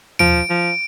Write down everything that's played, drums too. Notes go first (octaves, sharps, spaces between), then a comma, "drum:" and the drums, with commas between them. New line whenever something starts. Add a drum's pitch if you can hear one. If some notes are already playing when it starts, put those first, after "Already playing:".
F3 D7, drum: tom
F3